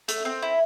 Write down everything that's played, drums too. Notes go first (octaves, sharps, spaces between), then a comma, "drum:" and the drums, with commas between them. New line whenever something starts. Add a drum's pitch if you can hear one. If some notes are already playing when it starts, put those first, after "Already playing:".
A3, drum: hi-hat
C4
E4